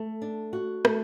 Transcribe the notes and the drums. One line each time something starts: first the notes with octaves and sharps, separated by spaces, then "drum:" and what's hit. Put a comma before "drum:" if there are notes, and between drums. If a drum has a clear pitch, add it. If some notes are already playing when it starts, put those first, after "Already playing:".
Already playing: A3
D4
F#4
A3, drum: rim click